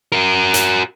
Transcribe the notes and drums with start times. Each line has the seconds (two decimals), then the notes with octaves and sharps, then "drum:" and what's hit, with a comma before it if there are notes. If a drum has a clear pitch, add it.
0.12 F#4 A#4
0.54 drum: hi-hat